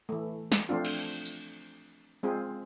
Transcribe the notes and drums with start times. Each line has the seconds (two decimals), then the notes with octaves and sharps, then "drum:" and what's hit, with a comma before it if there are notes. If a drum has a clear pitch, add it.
0.09 E3 A3
0.52 drum: snare
0.69 F3 A3 C4 D4 F4
0.85 drum: cymbal
1.25 drum: tambourine
2.23 G#3 C4 F4 G#4